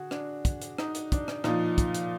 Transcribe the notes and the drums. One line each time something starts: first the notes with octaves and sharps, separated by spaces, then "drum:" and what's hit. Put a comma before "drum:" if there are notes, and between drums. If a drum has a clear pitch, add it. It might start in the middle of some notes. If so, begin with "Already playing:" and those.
Already playing: D3 F#4 G#4
D4, drum: rim click
drum: kick, hi-hat
drum: hi-hat
D#4, drum: rim click
drum: hi-hat
D4, drum: kick, hi-hat
drum: rim click
A#2 F3 D#4, drum: rim click
drum: kick, hi-hat
drum: hi-hat